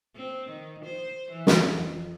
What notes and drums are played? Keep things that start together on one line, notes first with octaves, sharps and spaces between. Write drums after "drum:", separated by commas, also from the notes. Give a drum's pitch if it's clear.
C4
D#3
C5
E3
drum: snare
F2